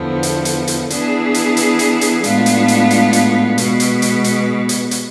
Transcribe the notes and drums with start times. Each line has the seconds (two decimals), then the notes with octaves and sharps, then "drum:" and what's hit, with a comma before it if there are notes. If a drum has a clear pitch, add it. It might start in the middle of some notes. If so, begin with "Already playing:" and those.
Already playing: E2 D3 F3 B3
0.23 drum: hi-hat
0.45 drum: hi-hat
0.67 drum: hi-hat
0.90 E3 B3 D4 G#4, drum: hi-hat
1.34 drum: hi-hat
1.57 drum: hi-hat
1.79 drum: hi-hat
2.01 drum: hi-hat
2.24 A2 G#3 B3 D4 F4, drum: hi-hat
2.46 drum: hi-hat
2.68 drum: hi-hat
2.91 drum: hi-hat
3.13 drum: hi-hat
3.58 B2 G#3 B3, drum: hi-hat
3.80 drum: hi-hat
4.02 drum: hi-hat
4.24 drum: hi-hat
4.69 drum: hi-hat
4.91 drum: hi-hat